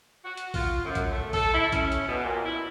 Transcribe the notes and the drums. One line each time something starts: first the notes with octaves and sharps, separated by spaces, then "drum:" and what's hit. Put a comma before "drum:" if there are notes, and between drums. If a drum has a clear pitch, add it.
F#4
drum: hi-hat
F4, drum: kick A#1, open hi-hat
F#2
drum: kick A#1, hi-hat
A3
A4, drum: kick A#1, open hi-hat
E4
C#4, drum: kick A#1, hi-hat
drum: hi-hat
B2
A#2
E4